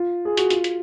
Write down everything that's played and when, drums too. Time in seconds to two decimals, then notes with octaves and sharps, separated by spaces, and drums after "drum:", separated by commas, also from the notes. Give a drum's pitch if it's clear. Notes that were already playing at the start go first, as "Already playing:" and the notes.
Already playing: F4
0.25 G#4
0.37 F#4, drum: hi-hat
0.50 F4, drum: hi-hat
0.64 drum: hi-hat